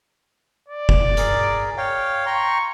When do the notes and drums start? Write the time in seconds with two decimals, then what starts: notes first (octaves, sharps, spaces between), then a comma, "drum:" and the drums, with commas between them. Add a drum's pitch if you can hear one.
0.68 D5
0.89 drum: kick F1
1.17 G#4 A#4, drum: hi-hat
1.77 C#5 F5 G5
2.26 G5 A#5 C6 C#6